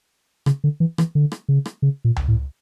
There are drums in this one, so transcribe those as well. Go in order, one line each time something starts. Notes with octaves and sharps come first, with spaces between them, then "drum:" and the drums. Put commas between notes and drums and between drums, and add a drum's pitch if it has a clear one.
C#3, drum: rim click
D3
E3
E3, drum: rim click
D3
drum: rim click
C#3
drum: rim click
C#3
A#2
drum: tom C#2
A2